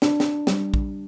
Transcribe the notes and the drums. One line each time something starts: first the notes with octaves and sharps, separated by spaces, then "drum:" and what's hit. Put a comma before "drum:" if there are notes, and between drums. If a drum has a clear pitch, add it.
D4, drum: snare
drum: snare
G3, drum: snare
drum: kick A#1